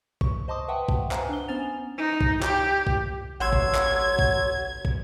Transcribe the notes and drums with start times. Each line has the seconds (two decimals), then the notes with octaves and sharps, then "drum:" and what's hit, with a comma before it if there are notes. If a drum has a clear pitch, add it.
0.21 C#6, drum: kick
0.48 C5 D#5 A5 C6 D6 D#6
0.68 B4 E5 F#5 G5 A5
0.89 drum: kick
1.11 B4 C5 F#5 G#5 A#5, drum: clap
1.29 D4 G7
1.48 B3 C#4 C5 G#5 A6 F7
1.98 D#4
2.21 drum: kick
2.43 G4, drum: clap
2.87 drum: kick
3.40 A1 F#3 F#5 C6 E6 G#6
3.53 drum: kick
3.75 drum: clap
4.19 drum: kick
4.85 drum: kick